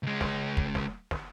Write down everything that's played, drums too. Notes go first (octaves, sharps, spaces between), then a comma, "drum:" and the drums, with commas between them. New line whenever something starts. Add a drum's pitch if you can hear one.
C#2 G#3
drum: snare
drum: kick
drum: snare
drum: snare